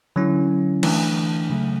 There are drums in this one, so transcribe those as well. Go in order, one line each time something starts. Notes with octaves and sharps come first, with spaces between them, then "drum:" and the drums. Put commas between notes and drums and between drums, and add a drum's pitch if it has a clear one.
D3 F#3 C#4 E4
E3 A3 D4, drum: cymbal
C#3 F#3 A3